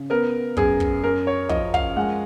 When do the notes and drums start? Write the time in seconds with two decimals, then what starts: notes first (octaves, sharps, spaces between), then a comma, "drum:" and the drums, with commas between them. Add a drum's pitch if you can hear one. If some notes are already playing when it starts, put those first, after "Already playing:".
Already playing: C#3
0.10 B3 A#4
0.57 F#2 G#4, drum: kick
0.80 drum: kick
1.04 C#4 A#4
1.27 C#5
1.49 F3 D#5, drum: kick
1.74 F5, drum: kick
1.96 G#3 F#5